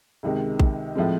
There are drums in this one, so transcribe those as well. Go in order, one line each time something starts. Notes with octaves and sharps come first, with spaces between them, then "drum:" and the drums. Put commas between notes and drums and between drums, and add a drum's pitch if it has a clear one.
C#2 C3 D#3 G#3
drum: kick A#1
A2 F3 G#3 C4